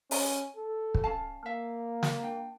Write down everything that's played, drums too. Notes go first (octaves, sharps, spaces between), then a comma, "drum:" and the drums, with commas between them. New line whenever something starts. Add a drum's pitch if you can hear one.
C#4, drum: open hi-hat
A4
drum: kick
C#4 F5 A5
A#3 E5 F5
drum: snare
D4 G5